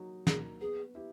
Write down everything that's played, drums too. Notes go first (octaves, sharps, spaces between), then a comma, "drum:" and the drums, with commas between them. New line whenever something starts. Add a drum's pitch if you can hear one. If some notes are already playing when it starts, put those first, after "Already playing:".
Already playing: F#3 A#3 D#4
A#3 D#4 G#4, drum: snare
B3 G#4
E4 G4